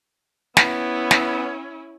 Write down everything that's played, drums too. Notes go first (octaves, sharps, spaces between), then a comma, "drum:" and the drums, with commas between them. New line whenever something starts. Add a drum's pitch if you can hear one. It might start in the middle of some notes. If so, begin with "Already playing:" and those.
B3 C#4 E4, drum: snare
drum: snare